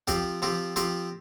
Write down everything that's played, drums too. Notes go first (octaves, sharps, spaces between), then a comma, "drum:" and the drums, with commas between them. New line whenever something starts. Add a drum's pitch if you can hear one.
F3 C4 G4, drum: kick, hi-hat
F3 C4 G4
F3 C4 G4, drum: hi-hat